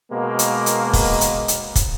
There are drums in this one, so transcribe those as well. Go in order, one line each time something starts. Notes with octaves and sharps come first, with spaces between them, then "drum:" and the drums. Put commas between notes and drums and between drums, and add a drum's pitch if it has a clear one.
B2 G#3 A#3
drum: hi-hat
drum: hi-hat
drum: kick, open hi-hat
drum: hi-hat
drum: hi-hat
drum: kick, hi-hat